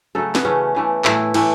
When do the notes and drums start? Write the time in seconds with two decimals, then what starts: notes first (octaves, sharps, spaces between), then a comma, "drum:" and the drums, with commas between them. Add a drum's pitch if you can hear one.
0.15 C#3 F#3 A3 A4
0.35 B3, drum: snare
0.45 C#3 E3 A3 C#4
0.75 C#3 E3 A3
1.05 A2 E3 A3 E4, drum: clap
1.34 A2 E3 A3, drum: cymbal